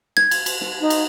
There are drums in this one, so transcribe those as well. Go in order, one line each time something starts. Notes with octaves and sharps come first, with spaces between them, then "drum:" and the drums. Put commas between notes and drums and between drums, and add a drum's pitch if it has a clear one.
G#6, drum: snare
drum: cymbal
drum: cymbal
drum: snare
D#4
drum: cymbal